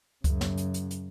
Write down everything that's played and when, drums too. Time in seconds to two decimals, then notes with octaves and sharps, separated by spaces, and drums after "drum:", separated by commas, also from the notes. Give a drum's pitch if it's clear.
0.24 F#2 C#3, drum: kick C#2, hi-hat
0.41 drum: snare
0.57 drum: hi-hat
0.74 drum: hi-hat
0.91 drum: hi-hat